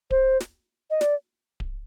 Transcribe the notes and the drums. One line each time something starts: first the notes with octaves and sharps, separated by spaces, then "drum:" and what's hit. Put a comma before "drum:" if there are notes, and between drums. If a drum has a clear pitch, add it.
C5, drum: kick D1
drum: snare
D#5
D5, drum: snare
drum: kick D1